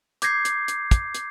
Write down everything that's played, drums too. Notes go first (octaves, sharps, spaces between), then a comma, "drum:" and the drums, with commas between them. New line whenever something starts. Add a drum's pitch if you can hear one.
D6 G6 G#6 A#6 C7, drum: hi-hat
drum: hi-hat
drum: hi-hat
drum: kick, hi-hat
drum: hi-hat